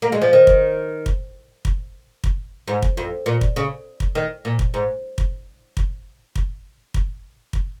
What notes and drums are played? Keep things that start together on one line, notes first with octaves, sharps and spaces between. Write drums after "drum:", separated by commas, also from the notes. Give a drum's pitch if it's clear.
A#3
G#3
F3
D#3
drum: kick
drum: kick
drum: kick
drum: kick
G#2
drum: kick
F2
A#2
drum: kick
C#3
drum: kick
D#3
A#2
drum: kick
G#2
drum: kick
drum: kick
drum: kick
drum: kick
drum: kick